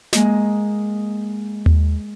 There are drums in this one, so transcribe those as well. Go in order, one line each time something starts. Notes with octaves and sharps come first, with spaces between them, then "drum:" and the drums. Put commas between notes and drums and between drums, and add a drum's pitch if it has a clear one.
G#3 A#3 D#5, drum: snare
drum: tom D#2